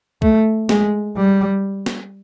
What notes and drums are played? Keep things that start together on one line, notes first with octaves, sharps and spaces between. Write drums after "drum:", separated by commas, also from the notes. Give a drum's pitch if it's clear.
A3, drum: kick
G#3, drum: snare
G3
drum: snare